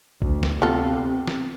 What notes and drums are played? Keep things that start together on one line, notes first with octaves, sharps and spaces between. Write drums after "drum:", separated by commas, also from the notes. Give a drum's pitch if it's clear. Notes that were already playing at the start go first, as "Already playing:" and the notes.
D2, drum: kick A#1
drum: snare
C3 B3 F4 A4
drum: snare